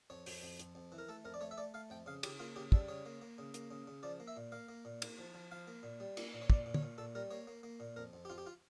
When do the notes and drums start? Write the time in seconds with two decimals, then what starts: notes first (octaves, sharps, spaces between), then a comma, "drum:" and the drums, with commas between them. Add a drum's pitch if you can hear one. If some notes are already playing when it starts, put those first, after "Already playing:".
0.10 F2 C#5
0.26 F2, drum: open hi-hat
0.42 F2
0.60 F2, drum: hi-hat
0.75 F2
0.92 E3
0.98 A#4
1.09 A3 A4
1.25 F2 A#4
1.34 D5
1.41 A3 C#5
1.51 E5
1.58 A3 D5
1.74 A3 F5
1.90 F2 G5
2.06 C#3 F5
2.23 C#3 G4, drum: cymbal
2.40 A#3 F4
2.56 C#3 G4
2.72 G3 A4, drum: kick
2.88 C#3 C#5
3.06 A#3
3.22 A#3
3.38 C#3
3.54 A#3, drum: hi-hat
3.71 C#3
3.87 C#3
4.03 F3 D5
4.20 A#3
4.27 E5
4.37 A#2
4.52 A#3 F5
4.68 A#3
4.85 A#2
5.02 A#3, drum: cymbal
5.19 F3
5.34 F3
5.52 F3 F5
5.67 A#3
5.83 A#2
6.00 G3
6.17 A#3, drum: cymbal
6.33 A#2
6.42 C#5
6.50 A#2 D5, drum: kick
6.66 A#2
6.74 C#5, drum: tom
6.83 A#2
6.98 A#2 A4
7.15 G3 A#4
7.31 A#3 C#5
7.47 A#3
7.63 A#3
7.80 A#2
7.96 F2 A#4
8.13 F2
8.25 G4
8.30 F2 F4
8.38 G4
8.46 F4